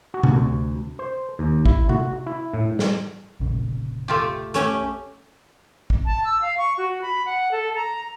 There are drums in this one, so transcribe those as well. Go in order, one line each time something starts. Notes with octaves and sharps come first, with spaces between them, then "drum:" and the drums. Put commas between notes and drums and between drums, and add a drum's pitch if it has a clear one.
F#4
drum: tom C3
D2
C5
D#2
E4, drum: kick
F#4, drum: tom C3
E4
A2
drum: snare
F1 A#1 C#3
A3 F4 G4
A3 C#4 G4, drum: hi-hat
drum: kick
A5
E6
F5
C#6
F#4
B5
F#5
A4
A#5